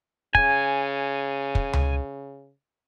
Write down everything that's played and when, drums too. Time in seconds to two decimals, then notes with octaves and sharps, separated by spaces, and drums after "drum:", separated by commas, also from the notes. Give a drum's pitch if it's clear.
0.35 C#3 G#5, drum: kick
1.55 drum: kick
1.73 drum: tom C#2